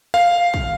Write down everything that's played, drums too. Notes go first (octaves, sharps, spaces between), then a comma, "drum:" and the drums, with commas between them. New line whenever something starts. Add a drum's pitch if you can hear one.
F5, drum: rim click
drum: kick